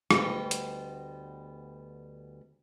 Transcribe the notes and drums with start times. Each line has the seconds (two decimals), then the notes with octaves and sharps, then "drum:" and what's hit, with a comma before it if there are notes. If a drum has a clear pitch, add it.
0.11 D2 G3 A3 B3 D#5 G5, drum: rim click
0.51 drum: hi-hat